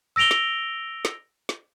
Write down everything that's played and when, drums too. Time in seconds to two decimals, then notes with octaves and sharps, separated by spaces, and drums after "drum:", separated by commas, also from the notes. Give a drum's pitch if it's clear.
0.16 E6 A#6 D7 F7 G7
0.31 drum: snare
1.05 drum: snare
1.49 drum: snare